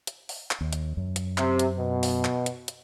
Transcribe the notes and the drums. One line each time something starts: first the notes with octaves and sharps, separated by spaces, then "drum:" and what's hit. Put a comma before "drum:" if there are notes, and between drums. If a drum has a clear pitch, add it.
drum: hi-hat
drum: open hi-hat
drum: clap
D#2
drum: hi-hat
F#2
drum: hi-hat
C3, drum: clap
drum: hi-hat
B2
drum: open hi-hat
drum: clap
drum: hi-hat
drum: hi-hat